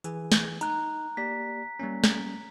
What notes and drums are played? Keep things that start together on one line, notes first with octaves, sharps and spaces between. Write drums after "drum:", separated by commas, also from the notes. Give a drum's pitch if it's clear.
E3 G#4 G#5, drum: hi-hat
drum: snare
D#4 A#5 F#6, drum: hi-hat
A#3 G4 D5 B6
G3 A#3 C#4
drum: snare